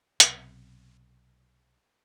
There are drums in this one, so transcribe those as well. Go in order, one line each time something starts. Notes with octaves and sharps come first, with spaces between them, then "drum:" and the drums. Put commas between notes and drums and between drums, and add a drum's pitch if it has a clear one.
B1 C3, drum: hi-hat